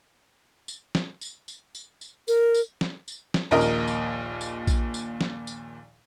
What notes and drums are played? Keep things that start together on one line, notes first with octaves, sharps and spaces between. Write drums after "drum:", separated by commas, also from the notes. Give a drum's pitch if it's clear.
drum: tambourine
drum: snare
drum: tambourine
drum: tambourine
drum: tambourine
drum: tambourine
A#4, drum: tambourine
drum: tambourine
drum: snare
drum: tambourine
drum: snare
A#1 D#2 A#2 A#4 D#5
drum: tambourine
drum: tambourine
drum: tambourine
drum: kick A#1, tambourine
drum: tambourine
drum: snare
drum: tambourine